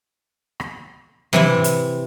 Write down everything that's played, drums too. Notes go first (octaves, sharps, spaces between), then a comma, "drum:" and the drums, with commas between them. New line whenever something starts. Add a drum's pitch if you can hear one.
drum: rim click
C3 E3 E4, drum: tom E3
drum: hi-hat